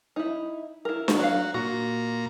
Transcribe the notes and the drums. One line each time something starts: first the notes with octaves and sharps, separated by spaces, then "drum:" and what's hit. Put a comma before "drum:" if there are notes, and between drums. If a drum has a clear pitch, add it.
D#4 E4
E4 A#4
drum: snare D4
F#3 F#4 F5
A#2 F#4 A#5